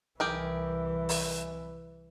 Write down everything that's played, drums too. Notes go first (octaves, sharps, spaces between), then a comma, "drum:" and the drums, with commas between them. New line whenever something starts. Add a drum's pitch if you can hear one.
C2 E3 G4 G#4 A#4
drum: open hi-hat